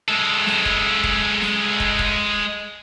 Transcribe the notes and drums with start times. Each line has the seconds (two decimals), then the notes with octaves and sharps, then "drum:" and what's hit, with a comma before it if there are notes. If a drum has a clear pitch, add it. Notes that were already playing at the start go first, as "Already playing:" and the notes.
0.08 G#3 A4
0.46 drum: snare
0.65 drum: kick
1.04 drum: kick
1.42 drum: snare
1.80 drum: kick
1.99 drum: kick